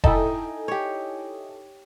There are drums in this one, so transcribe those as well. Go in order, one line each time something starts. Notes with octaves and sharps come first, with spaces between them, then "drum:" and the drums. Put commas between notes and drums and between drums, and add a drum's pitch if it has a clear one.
D#4 E4 A4 D#5 G5 G#5, drum: kick F1
G4 C#5